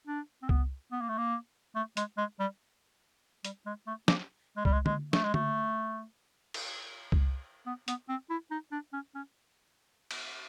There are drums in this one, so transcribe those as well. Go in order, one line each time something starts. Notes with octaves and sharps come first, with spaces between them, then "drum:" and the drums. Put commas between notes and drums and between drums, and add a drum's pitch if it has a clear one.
D4
C4
B3, drum: kick C2
B3
A#3
A3
A#3
A3
G#3, drum: hi-hat
G#3
G3
G3, drum: hi-hat
G#3
A3
A#3, drum: snare
G#3
G3, drum: kick C2
G#3
G#3, drum: tom D3
A3, drum: snare
G#3
A3, drum: tom D3
drum: cymbal
drum: kick C2
B3
B3, drum: hi-hat
C4
E4
D#4
D4
C#4
C#4
drum: cymbal